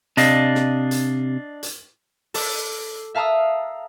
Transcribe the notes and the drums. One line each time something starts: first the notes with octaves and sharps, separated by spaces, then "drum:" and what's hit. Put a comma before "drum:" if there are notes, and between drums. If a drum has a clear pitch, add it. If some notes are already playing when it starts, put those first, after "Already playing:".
C3 D4 D#5 F5, drum: hi-hat
drum: snare
drum: hi-hat
drum: hi-hat
A4 D6, drum: open hi-hat
E5 F5 A5 A#5 D#6 E6